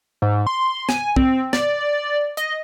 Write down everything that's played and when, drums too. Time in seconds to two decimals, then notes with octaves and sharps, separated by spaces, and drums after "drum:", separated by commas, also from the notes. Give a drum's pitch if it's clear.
0.22 G#2
0.47 C6
0.89 G#5, drum: snare
1.16 C4, drum: kick
1.53 D5, drum: snare
2.37 D#5, drum: hi-hat